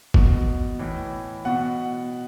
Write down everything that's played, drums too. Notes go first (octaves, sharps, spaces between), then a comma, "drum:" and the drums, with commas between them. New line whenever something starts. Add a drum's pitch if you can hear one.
B2, drum: kick
A2 E3
B2 F#5